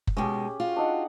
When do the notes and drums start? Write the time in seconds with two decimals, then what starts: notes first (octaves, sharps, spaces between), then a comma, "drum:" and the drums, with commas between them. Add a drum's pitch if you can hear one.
0.07 drum: kick F#1
0.17 B2 G#3 C#4 G4 G#4
0.60 F4 F#4
0.76 D4 D#4 F#5